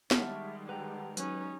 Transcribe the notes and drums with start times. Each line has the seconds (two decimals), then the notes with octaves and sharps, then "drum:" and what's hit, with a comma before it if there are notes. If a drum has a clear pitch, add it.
0.11 D#3 G3 G#3 E5 F#5 A5 C#6 F6, drum: snare
0.69 B4 F#5 G5 A5 A#5
1.17 F#3 C#4 D#4 B4, drum: hi-hat